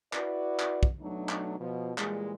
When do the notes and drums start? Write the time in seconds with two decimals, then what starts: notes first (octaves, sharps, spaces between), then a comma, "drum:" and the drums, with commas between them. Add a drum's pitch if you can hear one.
0.13 E4 F#4 B4 D5, drum: clap
0.60 drum: clap
0.83 drum: kick
1.01 B2 F#3 A3 D4 D#4
1.29 drum: clap
1.60 B2 F3
1.98 A#2 E3 G3 G#3, drum: clap